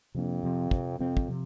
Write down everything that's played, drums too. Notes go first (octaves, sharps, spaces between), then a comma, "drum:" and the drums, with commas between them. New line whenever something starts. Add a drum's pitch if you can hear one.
F2 C3 F3 A#3 D4
C3 F3 C4
C3 F3 C4, drum: kick
F2 C3 F3 C4
drum: kick
C3 F3